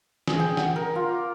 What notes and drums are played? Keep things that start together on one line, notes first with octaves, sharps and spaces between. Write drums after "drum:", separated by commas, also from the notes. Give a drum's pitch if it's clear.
G#4, drum: snare
G5
F#5, drum: snare
A#4
F4
D6